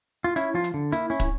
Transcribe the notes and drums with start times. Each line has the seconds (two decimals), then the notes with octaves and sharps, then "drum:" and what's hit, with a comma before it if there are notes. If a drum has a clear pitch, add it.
0.24 F4
0.36 C#4 E4, drum: hi-hat
0.54 F3 F4
0.64 drum: hi-hat
0.74 D3
0.92 A#3 E4, drum: hi-hat
1.10 C#4 E4
1.20 drum: kick, hi-hat